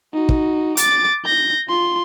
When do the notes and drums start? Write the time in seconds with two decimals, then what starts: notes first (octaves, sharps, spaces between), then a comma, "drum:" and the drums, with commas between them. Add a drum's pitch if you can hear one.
0.14 D#4 F#4
0.29 drum: kick
0.77 D6 A6, drum: hi-hat
1.25 G6 A#6
1.69 F4 C6